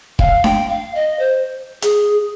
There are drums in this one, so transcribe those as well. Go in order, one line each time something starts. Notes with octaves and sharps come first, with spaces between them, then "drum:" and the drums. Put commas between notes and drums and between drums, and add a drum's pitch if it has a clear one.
F5, drum: kick
G5, drum: snare D4
F5
D#5
C5
G#4, drum: hi-hat